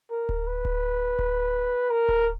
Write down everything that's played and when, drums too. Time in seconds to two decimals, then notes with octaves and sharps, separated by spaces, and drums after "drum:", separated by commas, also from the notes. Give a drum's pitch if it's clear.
0.11 A#4
0.29 drum: kick D1
0.47 B4
0.65 drum: kick D1
1.19 drum: kick D1
1.90 A#4
2.08 drum: kick D1